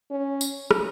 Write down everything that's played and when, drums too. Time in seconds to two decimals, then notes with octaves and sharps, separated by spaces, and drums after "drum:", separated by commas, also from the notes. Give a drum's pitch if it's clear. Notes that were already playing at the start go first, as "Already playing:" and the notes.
0.11 C#4
0.41 drum: tambourine
0.71 drum: rim click